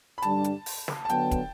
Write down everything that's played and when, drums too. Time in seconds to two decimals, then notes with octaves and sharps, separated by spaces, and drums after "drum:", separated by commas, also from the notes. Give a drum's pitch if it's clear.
0.18 B5
0.22 G2 D3 G3 D4 A5, drum: hi-hat
0.44 drum: hi-hat
0.66 drum: open hi-hat
0.88 drum: snare
1.05 A5
1.09 D3 F#3 B3 G5, drum: hi-hat
1.31 drum: kick, hi-hat